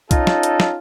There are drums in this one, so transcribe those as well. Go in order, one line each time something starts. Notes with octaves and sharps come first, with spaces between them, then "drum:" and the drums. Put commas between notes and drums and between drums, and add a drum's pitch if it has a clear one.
C#4 D#4 F4 A4, drum: kick, hi-hat
drum: snare
drum: hi-hat
drum: snare